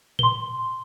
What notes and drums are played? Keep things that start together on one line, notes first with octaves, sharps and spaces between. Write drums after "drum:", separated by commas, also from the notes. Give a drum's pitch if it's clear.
C6 G7, drum: tom A2